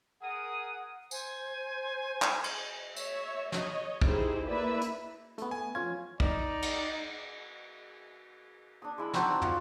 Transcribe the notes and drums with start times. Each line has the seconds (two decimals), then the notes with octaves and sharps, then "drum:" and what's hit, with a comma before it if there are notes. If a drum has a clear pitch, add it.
0.22 G#4 A#4 F#5 D#6
1.11 C5 G#5, drum: tambourine
2.22 drum: clap
2.44 drum: cymbal
2.97 C#5 E5, drum: tambourine
3.52 C#5 D#5, drum: snare
4.01 D#4 E4 G4 G#4 C5, drum: kick
4.48 A#3 E4 B4 D5 E5
4.81 drum: hi-hat
5.38 A3 B3, drum: hi-hat
5.51 G#5
5.75 F3 C#4 F4 G#6
6.20 D#4 D5, drum: kick
6.62 drum: cymbal
8.82 D4 D#6
8.98 G#3 E4 B5
9.13 C4 D#4 F#4 A4, drum: snare
9.29 D4
9.42 F4 F#5, drum: tom